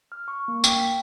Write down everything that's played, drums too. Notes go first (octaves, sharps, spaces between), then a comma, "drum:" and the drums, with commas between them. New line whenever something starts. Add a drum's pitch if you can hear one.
F6
C#6
A#3
G5, drum: tambourine
B6